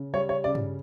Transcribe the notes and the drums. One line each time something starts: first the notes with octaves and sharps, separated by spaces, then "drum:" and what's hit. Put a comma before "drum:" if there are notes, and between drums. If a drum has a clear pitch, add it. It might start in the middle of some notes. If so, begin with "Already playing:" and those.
Already playing: C#3
G3 C#5
C#5
C#3 D5
drum: tom G2